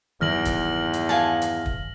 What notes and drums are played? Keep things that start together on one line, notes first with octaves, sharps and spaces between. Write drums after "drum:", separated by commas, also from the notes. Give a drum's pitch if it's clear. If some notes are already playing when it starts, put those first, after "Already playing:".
E2 G2 D#3 F#3 F6 A#6 F#7
drum: kick, hi-hat
drum: hi-hat
F5 G#5 A5
drum: hi-hat
drum: kick